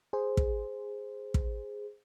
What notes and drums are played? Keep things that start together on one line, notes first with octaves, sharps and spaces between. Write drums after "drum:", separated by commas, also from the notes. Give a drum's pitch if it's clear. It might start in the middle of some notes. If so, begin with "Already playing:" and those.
G#4 C5
drum: kick
drum: kick